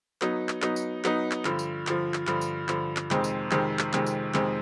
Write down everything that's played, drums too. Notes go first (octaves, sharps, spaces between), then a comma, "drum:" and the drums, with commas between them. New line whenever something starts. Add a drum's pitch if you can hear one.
F#3 B3 D#4, drum: clap
drum: clap
F#3 B3 D#4, drum: clap
drum: tambourine
F#3 B3 D#4, drum: clap
drum: clap
G2 D3 F3, drum: clap
drum: tambourine
G2 D3 F3, drum: clap
drum: clap
G2 D3 F3, drum: clap
drum: tambourine
G2 D3 F3, drum: clap
drum: clap
F2 C3 D#3 G#3 C4, drum: clap
drum: tambourine
F2 C3 D#3 G#3 C4, drum: clap
drum: clap
F2 C3 D#3 G#3 C4, drum: clap
drum: tambourine
F2 C3 D#3 G#3 C4, drum: clap